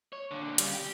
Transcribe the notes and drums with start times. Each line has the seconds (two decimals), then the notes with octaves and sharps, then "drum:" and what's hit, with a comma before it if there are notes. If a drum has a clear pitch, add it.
0.13 C#5
0.31 A#2 D3
0.58 C#3 G3, drum: hi-hat
0.74 G4